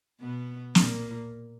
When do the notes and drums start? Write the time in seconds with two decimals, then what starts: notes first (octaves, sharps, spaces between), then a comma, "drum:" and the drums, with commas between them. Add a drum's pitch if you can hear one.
0.20 B2 B3
0.75 A#2 A#3, drum: snare